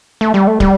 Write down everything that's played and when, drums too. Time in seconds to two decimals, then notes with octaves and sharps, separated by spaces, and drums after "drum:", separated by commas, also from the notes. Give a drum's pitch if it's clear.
0.21 A3
0.34 G3
0.47 A3
0.60 G3, drum: kick